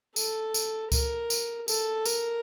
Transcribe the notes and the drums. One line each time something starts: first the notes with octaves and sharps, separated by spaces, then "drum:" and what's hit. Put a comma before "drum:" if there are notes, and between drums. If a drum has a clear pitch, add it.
A4, drum: tambourine
drum: tambourine
A#4, drum: kick C#2, tambourine
drum: tambourine
A4, drum: tambourine
A#4, drum: tambourine